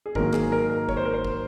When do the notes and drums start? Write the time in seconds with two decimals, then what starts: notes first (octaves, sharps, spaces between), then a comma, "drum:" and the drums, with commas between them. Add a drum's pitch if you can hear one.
0.06 G#4
0.15 G#2 D#3 F#3 A#3 A#4, drum: kick G1
0.33 G#4, drum: clap
0.52 A#4
0.70 A#4
0.89 C#5, drum: kick G1
0.97 C5
1.05 A#4
1.14 C5
1.25 drum: kick G1